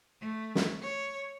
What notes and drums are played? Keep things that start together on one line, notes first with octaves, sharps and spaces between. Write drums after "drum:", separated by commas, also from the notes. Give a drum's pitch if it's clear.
A3
drum: snare
C#5